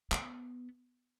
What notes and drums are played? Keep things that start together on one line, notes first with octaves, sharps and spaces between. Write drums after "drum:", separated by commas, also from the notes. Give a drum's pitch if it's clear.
B3, drum: clap